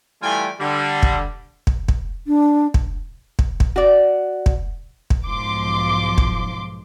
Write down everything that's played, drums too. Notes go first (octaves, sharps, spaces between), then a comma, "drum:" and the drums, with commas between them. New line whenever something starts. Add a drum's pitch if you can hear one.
E3 G3 A3 F4 G5 G#5
D3 G3
drum: kick
drum: kick
drum: kick
D4
drum: kick
drum: kick
drum: kick
F#4 D5
drum: kick
drum: kick
B1 G#2 F3 C6 D6
drum: kick